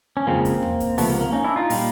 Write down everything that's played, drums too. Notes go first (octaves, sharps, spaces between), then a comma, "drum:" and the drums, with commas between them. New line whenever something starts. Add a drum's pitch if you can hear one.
C#4
F2 C#3 F3 G#3 A#3 C4
drum: kick, hi-hat
drum: tom D#2
drum: kick, hi-hat
C#2 C3 F3 A3 B3, drum: open hi-hat
A#3
A#3
C#4 D#4
D4 E4
D#4 F4
A#2 G3, drum: open hi-hat